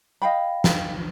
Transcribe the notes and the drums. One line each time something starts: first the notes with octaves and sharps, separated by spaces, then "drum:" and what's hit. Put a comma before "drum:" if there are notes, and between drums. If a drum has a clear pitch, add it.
D#5 F5 G5 B5
drum: snare